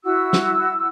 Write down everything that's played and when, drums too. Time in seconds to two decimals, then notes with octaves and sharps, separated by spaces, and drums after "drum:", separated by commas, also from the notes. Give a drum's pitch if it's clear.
0.04 E4 F#4 E6
0.33 drum: snare